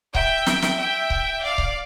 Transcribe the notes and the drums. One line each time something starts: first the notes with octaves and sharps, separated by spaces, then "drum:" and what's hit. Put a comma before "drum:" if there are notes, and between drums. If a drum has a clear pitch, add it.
E5 G5, drum: kick C#1
drum: snare
drum: snare
E5 G5
drum: kick C#1
D5 F5
drum: kick C#1